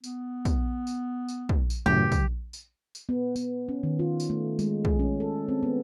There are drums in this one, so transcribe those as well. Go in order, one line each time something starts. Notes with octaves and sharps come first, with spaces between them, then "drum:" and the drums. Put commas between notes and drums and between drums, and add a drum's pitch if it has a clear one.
B3, drum: tambourine
drum: kick, tambourine
drum: tambourine
drum: tambourine
drum: kick
drum: tambourine
F#2 A2 C#3 E3 F#3 G4
drum: kick, tambourine
drum: tambourine
drum: tambourine
B3
B3, drum: tambourine
C#4
D#3
F4
drum: tambourine
A3
G#3, drum: tambourine
G#4, drum: kick
C#4
A4
C4
B3